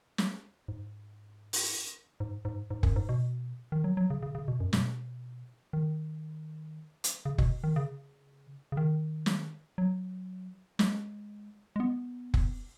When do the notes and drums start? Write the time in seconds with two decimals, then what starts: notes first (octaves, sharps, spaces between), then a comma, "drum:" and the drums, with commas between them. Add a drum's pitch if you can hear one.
0.18 drum: snare
0.68 G#2
1.53 drum: open hi-hat
2.20 G#2
2.45 G#2
2.70 G#2
2.83 F#2, drum: kick F1
2.96 G#2
3.09 B2
3.72 D#3
3.84 F#3
3.97 F#3
4.10 C#3
4.23 C#3
4.35 C#3
4.48 B2
4.60 F#2
4.73 B2, drum: snare
5.73 D#3
7.04 drum: hi-hat
7.25 C#3
7.38 B2, drum: kick F1
7.64 D#3
7.76 C#3
8.72 C#3
8.77 D#3
9.26 drum: snare
9.78 F#3
10.79 G#3, drum: snare
11.76 G#3
11.80 B3
12.34 drum: kick F1